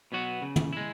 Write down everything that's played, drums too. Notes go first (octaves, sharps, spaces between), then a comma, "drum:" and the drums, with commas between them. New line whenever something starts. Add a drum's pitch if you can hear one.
B2 F#3 B3 F#4
C#3
drum: tom
G#3 E4